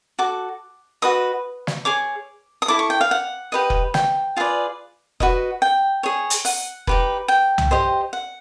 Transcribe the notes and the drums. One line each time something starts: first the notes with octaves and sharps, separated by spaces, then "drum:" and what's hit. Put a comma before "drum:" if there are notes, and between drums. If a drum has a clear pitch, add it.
F#4 A4 D6
F#4 B4 D#5 D#6
drum: snare
G#4 C#5 D6
D#6
E4 A4 D6
C#6
G5
F5
F#5
G4 B4 D#5
drum: kick F1
G5, drum: snare
F4 G#4 B4 D5
F#4 B4 D#5, drum: kick F1
G5
G#4 C#5
drum: hi-hat
F#5, drum: open hi-hat
D#4 G4 B4, drum: kick F1
G5
drum: tom C2
G4 C5 D#5
F#5